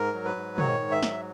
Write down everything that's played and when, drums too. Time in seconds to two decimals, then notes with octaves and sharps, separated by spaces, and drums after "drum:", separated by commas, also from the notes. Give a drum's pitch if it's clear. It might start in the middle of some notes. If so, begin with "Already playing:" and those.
Already playing: G#2 A#4
0.14 F#3
0.25 B4
0.36 G#2
0.58 D#3 C#5, drum: tom
0.80 G#2
0.92 E5
1.03 F#3, drum: snare